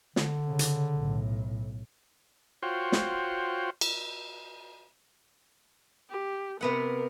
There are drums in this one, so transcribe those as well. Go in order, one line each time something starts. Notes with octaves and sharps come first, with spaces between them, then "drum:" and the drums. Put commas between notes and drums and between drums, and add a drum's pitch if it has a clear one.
D3, drum: snare
C#3
drum: hi-hat
B1 A2
F4 F#4 C5 C#5 G5
drum: snare
drum: cymbal
G4
C3 B3 A#4 F#5